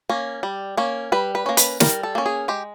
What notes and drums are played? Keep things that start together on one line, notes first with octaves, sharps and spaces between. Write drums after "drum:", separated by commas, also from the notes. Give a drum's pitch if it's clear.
A#3 C#4
G3
A#3 C#4
G3 B4
B4
A#3 C#4
B4, drum: hi-hat
G3 A#4, drum: snare
A4
A#3 C#4
G#4
G#3 G4